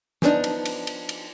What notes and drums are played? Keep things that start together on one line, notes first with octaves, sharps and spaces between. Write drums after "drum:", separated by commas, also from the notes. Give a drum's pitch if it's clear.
F3 B3 D4 D#4, drum: snare
drum: cymbal
drum: cymbal
drum: cymbal
drum: cymbal